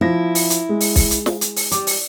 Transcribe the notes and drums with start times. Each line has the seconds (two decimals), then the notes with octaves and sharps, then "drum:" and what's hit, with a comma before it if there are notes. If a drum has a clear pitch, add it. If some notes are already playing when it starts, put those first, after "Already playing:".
0.01 F3 E4 A#6
0.35 drum: open hi-hat
0.50 drum: hi-hat
0.69 G#3
0.80 drum: open hi-hat
0.96 drum: kick, open hi-hat
1.11 drum: hi-hat
1.26 drum: snare
1.41 drum: hi-hat
1.56 drum: open hi-hat
1.72 G3 D6, drum: hi-hat
1.87 drum: open hi-hat